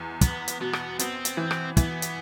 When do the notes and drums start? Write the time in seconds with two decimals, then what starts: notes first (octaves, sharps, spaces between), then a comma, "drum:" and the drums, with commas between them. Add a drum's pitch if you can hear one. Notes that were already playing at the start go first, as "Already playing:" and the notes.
Already playing: E2
0.21 E2 B3, drum: kick, hi-hat
0.48 drum: hi-hat
0.61 B2 B3
0.73 drum: rim click
0.99 B3 C4, drum: hi-hat
1.25 drum: hi-hat
1.37 E3
1.51 drum: rim click
1.77 E3 B3, drum: kick, hi-hat
2.02 drum: hi-hat